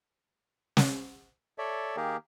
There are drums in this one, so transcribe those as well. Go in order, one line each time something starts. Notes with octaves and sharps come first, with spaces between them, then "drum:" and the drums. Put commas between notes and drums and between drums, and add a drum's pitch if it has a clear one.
drum: snare
A4 C#5 D5 E5
D#3 A#3 G4 G#4 A#4